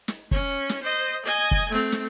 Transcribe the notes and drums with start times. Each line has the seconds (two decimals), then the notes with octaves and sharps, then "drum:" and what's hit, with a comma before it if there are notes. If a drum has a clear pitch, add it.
0.08 drum: snare
0.31 C#4, drum: kick
0.69 drum: snare
0.83 C5 D#5
1.26 D#5 G#5
1.51 drum: kick
1.72 A3 C4
1.92 drum: snare